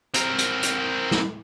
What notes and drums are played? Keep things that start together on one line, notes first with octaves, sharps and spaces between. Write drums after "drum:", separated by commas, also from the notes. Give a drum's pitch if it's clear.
C4 A#4, drum: hi-hat
drum: hi-hat
drum: hi-hat
drum: snare